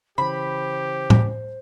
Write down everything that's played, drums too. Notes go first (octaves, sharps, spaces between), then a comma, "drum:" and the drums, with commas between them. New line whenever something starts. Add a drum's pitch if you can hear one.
C#3 E3 G4 C5 B5
drum: tom A2